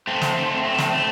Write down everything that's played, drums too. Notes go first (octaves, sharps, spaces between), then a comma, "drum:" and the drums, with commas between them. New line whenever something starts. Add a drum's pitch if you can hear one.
A3 C4
drum: snare
A3
A3
drum: snare
A3